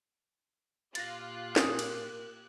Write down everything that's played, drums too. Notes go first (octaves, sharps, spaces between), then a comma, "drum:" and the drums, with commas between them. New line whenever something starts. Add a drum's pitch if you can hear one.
A#2 F4 G4 F#6 A6 A#6, drum: cymbal
A#4 G#5 D#6, drum: snare
drum: cymbal